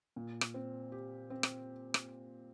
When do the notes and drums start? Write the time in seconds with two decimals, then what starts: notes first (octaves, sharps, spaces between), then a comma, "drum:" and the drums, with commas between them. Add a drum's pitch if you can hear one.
0.16 A#2
0.41 drum: rim click
0.54 C4
0.92 G4
1.30 C4
1.43 drum: rim click
1.94 drum: rim click